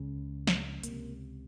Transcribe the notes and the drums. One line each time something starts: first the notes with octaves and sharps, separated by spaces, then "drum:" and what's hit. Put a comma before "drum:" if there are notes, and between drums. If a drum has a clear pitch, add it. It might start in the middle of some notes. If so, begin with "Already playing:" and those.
Already playing: C#2 C#3
drum: snare
C#2 C3 A#3, drum: hi-hat